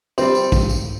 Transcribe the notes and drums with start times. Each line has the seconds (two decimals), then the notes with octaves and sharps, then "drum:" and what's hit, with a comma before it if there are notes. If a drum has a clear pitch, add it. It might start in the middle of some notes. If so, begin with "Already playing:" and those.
0.18 G3 C4, drum: tambourine
0.35 drum: tambourine
0.52 drum: kick, tambourine
0.69 drum: tambourine